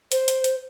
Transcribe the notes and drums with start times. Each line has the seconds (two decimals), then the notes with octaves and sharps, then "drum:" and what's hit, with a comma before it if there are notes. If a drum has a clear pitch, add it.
0.12 C5, drum: hi-hat
0.28 drum: hi-hat
0.44 drum: hi-hat